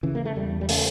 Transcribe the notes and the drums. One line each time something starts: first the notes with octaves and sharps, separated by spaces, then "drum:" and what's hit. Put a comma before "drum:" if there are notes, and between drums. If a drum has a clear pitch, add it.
C#3 E3
A#3
A3
E2 G3
G3
C#3 A3, drum: open hi-hat